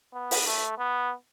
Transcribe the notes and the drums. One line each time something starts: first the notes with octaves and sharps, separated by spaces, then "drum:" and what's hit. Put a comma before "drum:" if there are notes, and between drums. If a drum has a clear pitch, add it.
B3
drum: open hi-hat
A3
B3